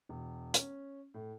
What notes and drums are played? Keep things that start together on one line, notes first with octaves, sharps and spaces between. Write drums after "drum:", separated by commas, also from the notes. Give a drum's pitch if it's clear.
E1
C#4, drum: hi-hat
A2